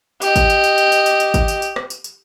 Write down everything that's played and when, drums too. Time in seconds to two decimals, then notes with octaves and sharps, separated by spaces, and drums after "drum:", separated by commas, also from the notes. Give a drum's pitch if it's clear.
0.22 G4 D#5, drum: tambourine
0.36 drum: kick G#1, tambourine
0.50 drum: tambourine
0.64 drum: tambourine
0.78 drum: tambourine
0.92 drum: tambourine
1.06 drum: tambourine
1.20 drum: tambourine
1.34 drum: kick G#1, tambourine
1.48 drum: tambourine
1.62 drum: tambourine
1.76 drum: rim click
1.90 drum: tambourine
2.04 drum: tambourine